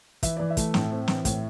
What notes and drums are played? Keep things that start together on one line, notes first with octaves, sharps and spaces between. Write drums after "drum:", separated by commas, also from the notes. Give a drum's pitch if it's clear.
E3 E5, drum: kick, hi-hat
E3 D5
E5
A3, drum: kick, hi-hat
A2, drum: snare
C4
E3, drum: snare
A2, drum: kick, hi-hat